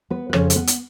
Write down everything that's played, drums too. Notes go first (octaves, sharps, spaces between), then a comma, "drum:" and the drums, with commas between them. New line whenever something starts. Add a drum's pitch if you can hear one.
B3 B4
B4
F2 C#3 C#4 C#5, drum: rim click
C#5, drum: hi-hat
B3 B4
drum: hi-hat